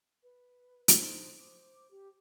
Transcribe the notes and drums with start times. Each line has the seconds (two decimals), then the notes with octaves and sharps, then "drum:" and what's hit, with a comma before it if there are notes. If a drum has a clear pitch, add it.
0.23 B4
0.88 D4 D#4 C5, drum: hi-hat
1.37 C5 D6
1.92 G4